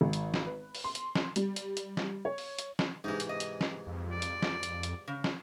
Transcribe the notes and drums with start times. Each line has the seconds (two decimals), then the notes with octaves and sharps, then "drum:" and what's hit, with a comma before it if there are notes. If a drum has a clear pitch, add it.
0.01 G#1
0.13 drum: hi-hat
0.34 drum: snare
0.46 B4
0.75 drum: open hi-hat
0.84 C6
0.95 drum: hi-hat
1.15 drum: snare
1.36 G3, drum: hi-hat
1.56 drum: hi-hat
1.77 drum: hi-hat
1.97 drum: snare
2.25 C#5
2.38 drum: open hi-hat
2.59 drum: hi-hat
2.79 drum: snare
3.04 G#2 C3 E3 G#3 D#4
3.20 drum: hi-hat
3.29 D#5
3.40 drum: hi-hat
3.61 drum: snare
3.87 F2
4.11 D5
4.22 drum: hi-hat
4.42 drum: snare
4.63 drum: hi-hat
4.83 drum: hi-hat
5.08 C#3
5.24 drum: snare